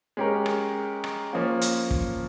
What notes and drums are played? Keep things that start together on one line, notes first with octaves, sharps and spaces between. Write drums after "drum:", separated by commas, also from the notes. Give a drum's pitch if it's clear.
G#3 C#4 G4 A#4
drum: rim click
drum: rim click
F3 A#3 C#4 F4
drum: hi-hat
drum: kick